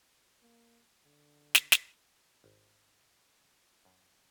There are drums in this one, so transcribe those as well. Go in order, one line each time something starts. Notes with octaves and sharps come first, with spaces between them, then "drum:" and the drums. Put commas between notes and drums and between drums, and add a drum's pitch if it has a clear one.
A#3
D3
drum: snare
drum: snare
G#1
F#2